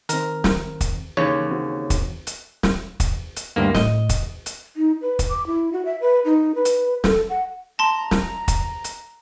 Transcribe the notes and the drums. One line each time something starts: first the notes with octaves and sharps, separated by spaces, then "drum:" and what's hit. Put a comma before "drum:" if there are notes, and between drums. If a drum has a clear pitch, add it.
D#3 C4 A#4, drum: hi-hat
drum: snare
drum: kick, hi-hat
D#2 C#3 E3 C#5
E3 C4 F#4
drum: kick, hi-hat
drum: hi-hat
drum: snare
drum: kick, hi-hat
drum: hi-hat
D2 G2 A#3
A2 D#5, drum: snare
drum: kick, hi-hat
drum: hi-hat
D#4
B4
drum: kick, hi-hat
D6
E4
F#4
E5
B4
D#4
B4
drum: hi-hat
A4, drum: snare
F#5
A5 A#5 C6
drum: snare
drum: kick, hi-hat
drum: hi-hat